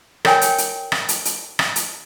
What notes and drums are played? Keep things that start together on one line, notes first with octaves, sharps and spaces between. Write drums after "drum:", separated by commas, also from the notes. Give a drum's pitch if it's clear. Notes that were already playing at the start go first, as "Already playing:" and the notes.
A#4 C#5 G5 G#5, drum: rim click
drum: hi-hat
drum: hi-hat
drum: rim click
drum: hi-hat
drum: hi-hat
drum: rim click
drum: hi-hat